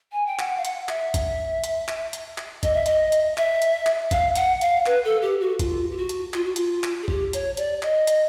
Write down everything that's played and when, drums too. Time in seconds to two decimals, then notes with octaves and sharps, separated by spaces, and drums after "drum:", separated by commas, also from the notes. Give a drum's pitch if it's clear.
0.12 G#5
0.26 G5
0.39 F#5, drum: clap
0.57 F5
0.65 F#5, drum: hi-hat
0.89 E5, drum: clap
1.14 drum: kick, hi-hat
1.64 drum: hi-hat
1.88 drum: clap
2.13 drum: hi-hat
2.38 drum: clap
2.63 D#5, drum: kick, hi-hat
2.74 E5
2.86 D#5, drum: hi-hat
3.12 drum: hi-hat
3.38 E5, drum: clap
3.62 drum: hi-hat
3.86 drum: clap
4.11 F5, drum: kick, hi-hat
4.35 F#5, drum: hi-hat
4.61 F5, drum: hi-hat
4.86 B4, drum: clap
5.05 A4
5.22 G4
5.41 F#4
5.59 F4, drum: kick, hi-hat
5.91 G4
5.97 F#4
6.09 drum: hi-hat
6.34 F4, drum: clap
6.45 F#4
6.56 F4, drum: hi-hat
6.84 drum: clap
7.03 G#4
7.08 G4, drum: kick
7.33 C#5, drum: hi-hat
7.57 D5, drum: hi-hat
7.83 D#5, drum: clap
8.07 drum: hi-hat